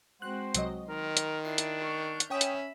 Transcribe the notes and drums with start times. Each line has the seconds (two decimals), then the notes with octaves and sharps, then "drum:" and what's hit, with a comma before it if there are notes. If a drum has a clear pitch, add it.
0.22 G#3 C4 F#4 C5 F#6
0.55 C2 F#3 D#5, drum: hi-hat
0.89 D#3 A#4 C6
1.17 drum: hi-hat
1.45 D4 E4 C7
1.58 drum: hi-hat
1.83 C#6 F6 G6
2.20 drum: hi-hat
2.30 C#4 C#5 E5 G5 B5 D#6 E6
2.41 drum: hi-hat